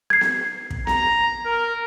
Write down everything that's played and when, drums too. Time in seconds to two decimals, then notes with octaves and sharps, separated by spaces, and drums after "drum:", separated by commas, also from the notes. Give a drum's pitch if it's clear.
0.10 G#6 C7
0.21 drum: snare B3
0.70 drum: kick
0.87 A#5, drum: snare B3
1.46 A#4